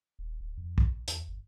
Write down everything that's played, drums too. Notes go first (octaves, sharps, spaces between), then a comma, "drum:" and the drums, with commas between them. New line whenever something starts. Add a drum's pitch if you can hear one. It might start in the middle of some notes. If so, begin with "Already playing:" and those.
D#1
D1
F2
drum: kick
A#1
E2, drum: hi-hat
G1